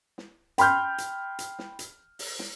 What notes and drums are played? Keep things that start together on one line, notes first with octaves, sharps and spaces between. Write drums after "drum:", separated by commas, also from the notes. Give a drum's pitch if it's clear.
drum: snare
G5 B5 C6 F6 G6, drum: hi-hat
drum: hi-hat
drum: hi-hat
drum: snare
drum: hi-hat
drum: open hi-hat
drum: snare